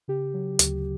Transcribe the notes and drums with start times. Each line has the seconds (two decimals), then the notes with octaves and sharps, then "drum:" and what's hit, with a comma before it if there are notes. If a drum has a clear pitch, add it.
0.08 C#3 G4
0.34 F#3
0.59 D2, drum: hi-hat